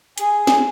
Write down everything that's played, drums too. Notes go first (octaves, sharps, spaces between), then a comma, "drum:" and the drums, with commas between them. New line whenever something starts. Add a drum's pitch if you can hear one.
G#4, drum: hi-hat
drum: snare